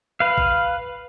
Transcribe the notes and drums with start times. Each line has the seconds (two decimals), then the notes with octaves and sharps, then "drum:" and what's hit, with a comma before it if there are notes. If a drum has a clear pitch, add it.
0.20 B4 F5
0.38 drum: kick A#1